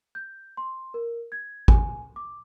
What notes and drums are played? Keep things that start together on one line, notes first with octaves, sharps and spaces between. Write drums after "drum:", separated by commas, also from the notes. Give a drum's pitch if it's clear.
G6
C6
A#4
G#6
G#5, drum: kick G#1
D6